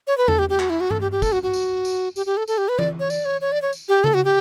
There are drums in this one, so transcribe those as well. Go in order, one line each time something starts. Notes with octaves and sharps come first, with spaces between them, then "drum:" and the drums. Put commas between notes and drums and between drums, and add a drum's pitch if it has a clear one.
C#5
B4
A4, drum: tom E2
G4
G4
F#4, drum: clap
E4
F#4
A4, drum: tom G2
G4
G4
A4, drum: kick, tambourine
F#4
F#4
drum: tambourine
drum: tambourine
G4, drum: tambourine
G4
A4
A4, drum: tambourine
G4
B4
D5, drum: tom E3
C#5
D5, drum: tambourine
C#5
C#5
D5
C#5
drum: tambourine
G4
A4, drum: tom C#3
F#4
G4